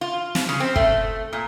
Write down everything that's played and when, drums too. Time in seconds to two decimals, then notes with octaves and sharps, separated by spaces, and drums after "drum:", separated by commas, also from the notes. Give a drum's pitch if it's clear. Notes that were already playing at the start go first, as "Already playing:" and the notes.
0.01 F4
0.35 drum: snare
0.49 C#3
0.60 C4
0.76 A3, drum: kick
1.33 A#2